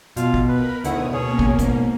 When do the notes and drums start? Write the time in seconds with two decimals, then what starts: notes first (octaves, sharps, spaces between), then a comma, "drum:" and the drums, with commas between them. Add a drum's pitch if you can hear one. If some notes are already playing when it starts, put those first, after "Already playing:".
0.16 B2 F4 F5, drum: hi-hat
0.34 drum: kick
0.48 A#4 B4 B5
0.84 D2 B2 D#3 E4 C#5 F#5 D#6, drum: hi-hat
1.13 B2 A#3 C#4 G#4 C#5
1.39 drum: kick
1.59 G#2, drum: kick, hi-hat